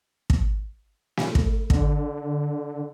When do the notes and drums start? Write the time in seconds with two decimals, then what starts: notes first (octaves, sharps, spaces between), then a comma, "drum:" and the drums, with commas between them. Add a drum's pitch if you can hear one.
0.30 drum: kick
1.17 drum: snare
1.35 drum: kick
1.70 D3, drum: kick